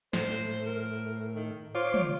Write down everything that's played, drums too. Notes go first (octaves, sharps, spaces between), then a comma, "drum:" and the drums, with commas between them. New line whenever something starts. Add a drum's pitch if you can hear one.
A2 C5, drum: snare
A#4
D#3
F4 C5 C#5 D6
drum: tom